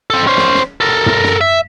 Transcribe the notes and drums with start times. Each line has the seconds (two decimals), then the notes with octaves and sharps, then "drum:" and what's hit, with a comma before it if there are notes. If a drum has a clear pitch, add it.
0.10 C4 A4
0.27 C#4 C5
0.37 drum: snare
0.54 drum: snare
0.81 A4 A#4
1.06 drum: tom
1.24 drum: snare
1.41 E5